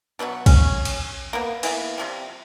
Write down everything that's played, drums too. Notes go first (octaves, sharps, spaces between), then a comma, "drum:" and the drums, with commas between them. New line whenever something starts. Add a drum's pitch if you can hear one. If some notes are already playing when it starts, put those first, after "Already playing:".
B2 F#3 B3 F#4
C#4, drum: kick, cymbal
drum: cymbal
A#3 B3
E3 A#3 B3, drum: cymbal
C3 F3 G3